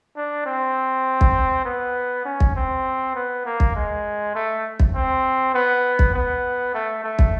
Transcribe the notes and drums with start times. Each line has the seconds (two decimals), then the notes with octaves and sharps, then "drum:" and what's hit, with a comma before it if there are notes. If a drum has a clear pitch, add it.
0.17 D4
0.46 C4
1.21 drum: kick
1.65 B3
2.25 C#4
2.40 drum: kick
2.56 C4
3.15 B3
3.46 A#3
3.60 drum: kick
3.76 G#3
4.35 A3
4.80 drum: kick
4.95 C4
5.54 B3
5.99 drum: kick
6.14 B3
6.74 A3
7.04 A3
7.19 drum: kick